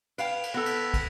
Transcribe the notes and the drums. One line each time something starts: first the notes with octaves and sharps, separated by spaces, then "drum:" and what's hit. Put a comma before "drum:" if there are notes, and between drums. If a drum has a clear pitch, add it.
B4 F5 G5 D7 F7, drum: cymbal
drum: cymbal
B3 A4 F#6 A#6
B6, drum: cymbal
drum: kick, cymbal